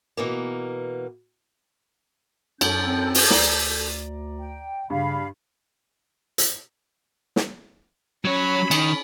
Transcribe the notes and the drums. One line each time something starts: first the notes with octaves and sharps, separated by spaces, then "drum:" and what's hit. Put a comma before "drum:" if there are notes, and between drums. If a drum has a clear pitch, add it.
B2 E3 A#3
F#2 C#4 A4 G6, drum: cymbal
C4
drum: open hi-hat
D2 D5 A#5, drum: snare
G5
G2 C#3 F5 B5
drum: hi-hat
drum: snare
F#3 C#4 C#5 B5
D#3, drum: cymbal